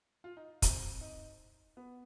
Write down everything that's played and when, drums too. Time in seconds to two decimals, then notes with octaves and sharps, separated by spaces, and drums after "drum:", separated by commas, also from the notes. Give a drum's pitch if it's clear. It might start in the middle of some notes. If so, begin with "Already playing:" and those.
0.24 F4
0.37 D#4
0.62 C4, drum: kick, hi-hat
1.01 D#4
1.77 B3